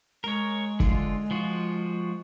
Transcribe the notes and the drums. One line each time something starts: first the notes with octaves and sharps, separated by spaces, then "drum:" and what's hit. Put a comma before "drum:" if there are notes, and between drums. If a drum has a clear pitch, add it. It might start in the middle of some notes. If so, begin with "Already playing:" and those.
G#3 A#4 C#5
D3 F4, drum: kick
F3 F4 F#4